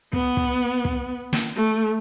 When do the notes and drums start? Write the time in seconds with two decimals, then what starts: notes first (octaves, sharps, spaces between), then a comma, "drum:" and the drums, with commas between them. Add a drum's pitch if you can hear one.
0.13 B3, drum: kick
0.37 drum: kick
0.85 drum: kick
1.33 drum: snare
1.56 A3